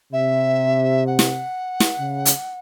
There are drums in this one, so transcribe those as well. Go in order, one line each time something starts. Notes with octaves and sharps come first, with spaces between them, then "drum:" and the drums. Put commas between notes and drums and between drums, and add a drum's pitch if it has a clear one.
C3 E5
F#5
drum: snare
drum: snare
C#3
drum: hi-hat